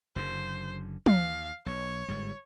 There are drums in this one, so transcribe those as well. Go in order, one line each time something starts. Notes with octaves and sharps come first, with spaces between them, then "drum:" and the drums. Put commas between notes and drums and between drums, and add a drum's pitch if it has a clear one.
F#1 F#2 D3 C5
D#2 F5, drum: tom
B1 C#5
G1 G#2 G3